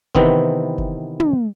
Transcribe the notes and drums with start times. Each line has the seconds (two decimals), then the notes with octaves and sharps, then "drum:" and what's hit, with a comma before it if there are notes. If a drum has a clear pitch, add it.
0.15 C3 D#3 E3 B3 C4, drum: kick F#1
0.78 drum: kick F#1
1.20 drum: tom